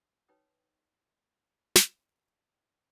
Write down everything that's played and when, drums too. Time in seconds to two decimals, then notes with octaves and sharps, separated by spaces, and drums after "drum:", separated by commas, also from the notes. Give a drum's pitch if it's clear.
0.29 D#4 B4 C#5 G5 D#6
1.76 drum: snare